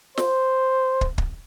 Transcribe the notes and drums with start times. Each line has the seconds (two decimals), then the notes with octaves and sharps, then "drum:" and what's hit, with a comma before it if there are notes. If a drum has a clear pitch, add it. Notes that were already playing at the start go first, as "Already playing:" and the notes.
0.17 C5, drum: snare
1.01 drum: kick
1.18 drum: kick